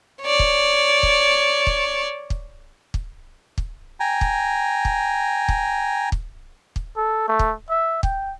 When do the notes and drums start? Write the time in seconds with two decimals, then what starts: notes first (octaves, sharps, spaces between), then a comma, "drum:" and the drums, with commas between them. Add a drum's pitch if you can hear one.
0.22 C#5 D5
0.39 drum: kick
1.03 drum: kick
1.67 drum: kick
2.30 drum: kick
2.94 drum: kick
3.58 drum: kick
4.00 G5 G#5 A#5
4.21 drum: kick
4.85 drum: kick
5.49 drum: kick
6.12 drum: kick
6.76 drum: kick
6.96 A4
7.28 A3
7.39 drum: kick
7.70 E5
8.03 G5, drum: kick